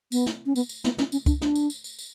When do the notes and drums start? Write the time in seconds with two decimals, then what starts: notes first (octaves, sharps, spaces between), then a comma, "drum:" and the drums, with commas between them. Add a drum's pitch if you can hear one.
0.12 B3, drum: tambourine
0.26 drum: snare
0.46 C#4
0.56 B3, drum: tambourine
0.69 drum: tambourine
0.84 B3, drum: snare
0.98 C#4, drum: snare
1.12 C#4, drum: tambourine
1.26 D4, drum: kick, tambourine
1.41 D4, drum: snare
1.56 drum: tambourine
1.70 drum: tambourine
1.84 drum: tambourine
1.99 drum: tambourine